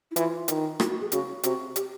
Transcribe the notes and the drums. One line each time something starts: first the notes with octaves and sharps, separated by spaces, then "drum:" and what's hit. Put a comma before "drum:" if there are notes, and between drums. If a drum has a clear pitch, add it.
E4
E3 F4, drum: hi-hat
D#3, drum: hi-hat
F#4, drum: rim click
F#4
G#4
C#3 F#4, drum: hi-hat
C3 F#4, drum: hi-hat
G4, drum: hi-hat